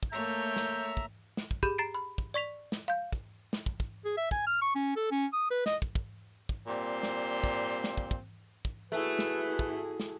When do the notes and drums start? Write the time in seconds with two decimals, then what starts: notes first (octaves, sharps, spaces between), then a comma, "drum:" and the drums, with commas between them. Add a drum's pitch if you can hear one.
0.03 drum: kick
0.12 A3 A#3 C#5 E5 A#5 G6
0.57 drum: snare
0.97 drum: kick
1.37 drum: snare
1.51 drum: kick
1.63 G4 G#4 B5 G6, drum: kick
1.78 A#5 A6 C7 D7
1.94 B5
2.18 drum: kick
2.34 D5 C#6 B6 F7
2.72 drum: snare
2.88 F5 G6
3.12 drum: kick
3.53 drum: snare
3.66 drum: kick
3.80 drum: kick
4.05 G#4
4.17 E5
4.31 G#5, drum: kick
4.47 F6
4.62 C#6
4.75 C#4
4.96 A4
5.11 C#4
5.33 D#6
5.51 B4
5.66 D#5, drum: snare
5.82 drum: kick
5.95 drum: kick
6.49 drum: kick
6.67 A#2 G3 C4 C6
7.03 drum: snare
7.44 drum: kick
7.84 drum: snare
7.97 drum: kick
8.11 drum: kick
8.65 drum: kick
8.92 A3 E4 F#4 G#4 B4
9.19 drum: snare
9.59 drum: kick
10.00 drum: snare